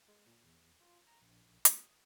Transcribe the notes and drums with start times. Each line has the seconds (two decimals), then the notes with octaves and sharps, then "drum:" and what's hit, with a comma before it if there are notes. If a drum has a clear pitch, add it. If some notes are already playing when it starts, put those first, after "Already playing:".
0.08 G#3
0.27 A#2
0.44 E2
0.81 F4
1.07 A#5
1.22 A#1
1.65 D#6, drum: hi-hat